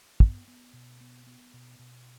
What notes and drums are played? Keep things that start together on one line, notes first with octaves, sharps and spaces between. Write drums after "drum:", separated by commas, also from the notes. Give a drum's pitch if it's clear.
B3, drum: kick
B3
B2
B3
B3
B2
B2